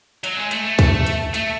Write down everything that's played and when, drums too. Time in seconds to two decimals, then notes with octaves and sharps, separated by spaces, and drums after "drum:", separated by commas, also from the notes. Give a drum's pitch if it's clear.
0.24 F#3, drum: hi-hat
0.37 G#3
0.51 A3, drum: hi-hat
0.65 A3
0.79 drum: kick, hi-hat
1.06 drum: hi-hat
1.34 A3, drum: hi-hat